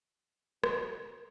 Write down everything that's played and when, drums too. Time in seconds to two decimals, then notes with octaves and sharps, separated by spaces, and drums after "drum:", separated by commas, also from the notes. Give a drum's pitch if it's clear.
0.64 B2, drum: rim click